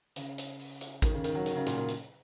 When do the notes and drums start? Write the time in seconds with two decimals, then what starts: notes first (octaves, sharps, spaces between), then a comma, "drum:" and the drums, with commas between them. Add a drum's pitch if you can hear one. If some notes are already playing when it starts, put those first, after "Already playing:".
0.16 C#3, drum: hi-hat
0.38 drum: hi-hat
0.60 drum: open hi-hat
0.81 drum: hi-hat
1.02 D#3, drum: kick A1, hi-hat
1.14 C#3
1.24 D#3, drum: hi-hat
1.35 F#3
1.46 D#3, drum: hi-hat
1.56 C#3
1.66 A#2, drum: hi-hat
1.78 A#2
1.88 drum: hi-hat